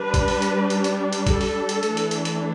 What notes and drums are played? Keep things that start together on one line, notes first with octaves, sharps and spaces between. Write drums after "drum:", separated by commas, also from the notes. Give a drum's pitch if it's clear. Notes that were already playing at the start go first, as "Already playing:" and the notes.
Already playing: G3 D4 B4
drum: kick A#1, hi-hat
drum: open hi-hat
drum: hi-hat
drum: hi-hat
drum: hi-hat
drum: hi-hat
A4, drum: kick A#1, hi-hat
drum: open hi-hat
drum: hi-hat
E3 A3 D4, drum: hi-hat
drum: hi-hat
drum: hi-hat
drum: hi-hat